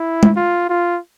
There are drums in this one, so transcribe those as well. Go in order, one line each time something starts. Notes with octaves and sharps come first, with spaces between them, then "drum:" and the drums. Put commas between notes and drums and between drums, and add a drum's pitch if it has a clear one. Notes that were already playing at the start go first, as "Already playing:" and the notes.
Already playing: E4
drum: tom
F4
F4